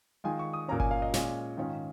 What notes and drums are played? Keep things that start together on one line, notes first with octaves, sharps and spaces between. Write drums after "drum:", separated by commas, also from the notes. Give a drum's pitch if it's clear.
D#3 G#3 F4 G#5
C#6
D#6
A#2 A#3 C#4 A#5
G#5, drum: kick G1
F5
D#5
A#2 G#3 C#4 F4, drum: snare
G#2 D#3 C#4 F4